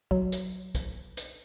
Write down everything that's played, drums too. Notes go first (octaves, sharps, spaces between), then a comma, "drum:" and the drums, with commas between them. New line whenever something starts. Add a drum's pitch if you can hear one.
F#3, drum: kick
drum: hi-hat
drum: kick, hi-hat
drum: hi-hat